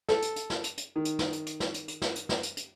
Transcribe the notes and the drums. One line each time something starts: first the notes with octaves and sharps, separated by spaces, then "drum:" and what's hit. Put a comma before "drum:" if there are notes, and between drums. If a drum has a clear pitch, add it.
A4, drum: snare
drum: hi-hat
drum: hi-hat
drum: snare
drum: hi-hat
drum: hi-hat
D#3
drum: hi-hat
drum: snare
drum: hi-hat
drum: hi-hat
drum: snare
drum: hi-hat
drum: hi-hat
drum: snare
drum: hi-hat
drum: snare
drum: hi-hat
drum: hi-hat